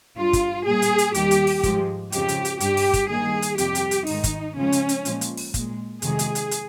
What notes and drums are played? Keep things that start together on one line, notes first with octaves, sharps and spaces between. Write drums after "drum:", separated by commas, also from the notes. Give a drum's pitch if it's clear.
G2 G3 F4
drum: kick, hi-hat
A#2 G3 G#4
drum: hi-hat
drum: hi-hat
D#2 D#3 G3 G4, drum: hi-hat
drum: hi-hat
drum: open hi-hat
G#2 F3 G#3, drum: kick, hi-hat
F2 C#3 F3 G#3 G4, drum: hi-hat
drum: hi-hat
drum: hi-hat
G2 G3 G4, drum: hi-hat
drum: open hi-hat
drum: kick, hi-hat
D#2 D#3 G3 G#4
drum: hi-hat
F2 C3 G3 G4, drum: hi-hat
drum: hi-hat
drum: hi-hat
G#2 D#3 G#3 D#4, drum: open hi-hat
drum: kick, hi-hat
F2 C#3 F3 G#3 C#4
drum: hi-hat
drum: hi-hat
A#2 F3 G#3, drum: hi-hat
drum: hi-hat
drum: open hi-hat
A#2 G#3, drum: kick, hi-hat
F2 C3 D#3 G#3 G#4, drum: hi-hat
drum: hi-hat
drum: hi-hat
drum: hi-hat